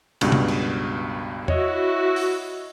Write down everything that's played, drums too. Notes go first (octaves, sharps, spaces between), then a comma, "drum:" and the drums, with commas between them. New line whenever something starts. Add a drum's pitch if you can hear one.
C#2 G2 B2, drum: cymbal
drum: tom
drum: cymbal
E4 F#4 C#5 D#5, drum: tom E2
drum: open hi-hat